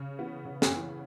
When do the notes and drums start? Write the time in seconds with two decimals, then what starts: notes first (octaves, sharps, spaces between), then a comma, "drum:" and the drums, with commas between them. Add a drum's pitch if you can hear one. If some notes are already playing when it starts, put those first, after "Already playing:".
Already playing: C#3
0.19 E3 B3
0.45 C#3
0.62 drum: snare
0.72 E3 B3